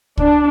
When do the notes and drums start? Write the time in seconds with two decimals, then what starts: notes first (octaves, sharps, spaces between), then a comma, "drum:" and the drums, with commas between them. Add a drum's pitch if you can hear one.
0.17 D4, drum: kick